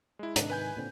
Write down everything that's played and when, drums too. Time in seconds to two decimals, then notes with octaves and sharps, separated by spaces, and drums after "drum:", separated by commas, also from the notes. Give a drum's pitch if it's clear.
0.19 G#3 E4
0.36 G#2 C3 D#3 D4 D#5, drum: hi-hat
0.50 B4 G#5 G6
0.76 A#2 D3 C4